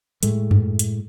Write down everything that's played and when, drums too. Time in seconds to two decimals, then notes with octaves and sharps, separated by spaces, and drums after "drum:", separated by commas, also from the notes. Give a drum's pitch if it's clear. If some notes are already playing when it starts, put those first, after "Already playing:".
0.23 A2 G#3 A3, drum: hi-hat
0.51 drum: tom F#2
0.79 drum: hi-hat